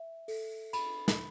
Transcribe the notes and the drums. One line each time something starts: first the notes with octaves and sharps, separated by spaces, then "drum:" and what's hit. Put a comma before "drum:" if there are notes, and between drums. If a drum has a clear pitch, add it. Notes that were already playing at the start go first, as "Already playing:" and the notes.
Already playing: E5
A4, drum: open hi-hat
B5, drum: cymbal
drum: snare